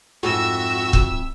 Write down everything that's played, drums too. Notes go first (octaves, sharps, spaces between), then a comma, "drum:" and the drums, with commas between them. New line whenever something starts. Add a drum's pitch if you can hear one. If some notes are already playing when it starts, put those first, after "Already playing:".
F2 G#2 F#4 E5 E6
drum: kick